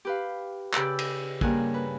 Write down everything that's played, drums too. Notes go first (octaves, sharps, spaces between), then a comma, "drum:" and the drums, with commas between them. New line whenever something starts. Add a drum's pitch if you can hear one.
G4 B4 F5
C#3 G4 B4 D5 E6 G6, drum: clap
drum: cymbal
G2 C#3 A#3 A#4 G#5 F#6, drum: kick
B4